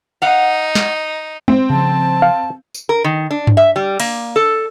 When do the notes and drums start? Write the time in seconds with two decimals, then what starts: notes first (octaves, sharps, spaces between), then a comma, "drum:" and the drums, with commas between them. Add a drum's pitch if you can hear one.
0.22 D#4 F5 F#5
0.75 drum: snare
1.48 C4, drum: tom G#3
1.70 C#3 F3 A5
2.22 F5
2.74 drum: tambourine
2.89 A#4
3.04 D#3
3.31 D4
3.47 drum: tom G2
3.57 E5
3.76 G3
4.00 A#3, drum: cymbal
4.36 A4